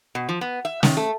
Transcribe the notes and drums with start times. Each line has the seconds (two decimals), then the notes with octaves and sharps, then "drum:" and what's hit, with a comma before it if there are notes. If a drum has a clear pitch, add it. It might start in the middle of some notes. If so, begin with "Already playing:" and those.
0.15 B2
0.29 F3
0.41 B3
0.65 E5
0.83 D#3, drum: snare
0.97 A3